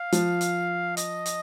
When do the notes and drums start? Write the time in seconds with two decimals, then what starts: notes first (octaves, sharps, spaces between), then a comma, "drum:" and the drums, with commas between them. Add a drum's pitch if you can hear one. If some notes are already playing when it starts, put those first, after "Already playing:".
Already playing: F5
0.12 F3, drum: hi-hat
0.41 drum: hi-hat
0.97 D#5, drum: hi-hat
1.26 drum: hi-hat